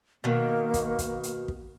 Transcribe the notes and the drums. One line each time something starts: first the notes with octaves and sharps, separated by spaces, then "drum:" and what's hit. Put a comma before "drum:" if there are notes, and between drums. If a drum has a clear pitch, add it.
B2 D#3 A#3
drum: kick, hi-hat
drum: kick, hi-hat
drum: hi-hat
drum: kick